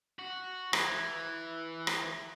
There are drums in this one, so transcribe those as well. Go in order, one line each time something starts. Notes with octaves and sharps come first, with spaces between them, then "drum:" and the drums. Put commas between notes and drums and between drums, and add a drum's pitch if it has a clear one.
F#4
E3, drum: rim click
drum: rim click